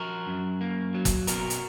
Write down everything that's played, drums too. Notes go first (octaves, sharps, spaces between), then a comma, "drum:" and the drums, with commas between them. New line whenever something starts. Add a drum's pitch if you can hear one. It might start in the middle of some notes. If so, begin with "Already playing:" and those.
Already playing: F3 F#4 A#4
F#2
A#3
F#3
drum: kick F#1, hi-hat
B2 F#4 A#4, drum: hi-hat
drum: hi-hat